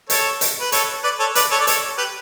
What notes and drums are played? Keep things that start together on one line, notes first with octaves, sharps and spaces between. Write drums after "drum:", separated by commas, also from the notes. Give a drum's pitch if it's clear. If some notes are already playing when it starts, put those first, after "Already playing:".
A4 C#5, drum: hi-hat
drum: hi-hat
B4
A4 C#5, drum: hi-hat
B4 D5
A4 C#5
B4 D5, drum: hi-hat
A4 C#5
D5
A4 C#5, drum: hi-hat
G4 B4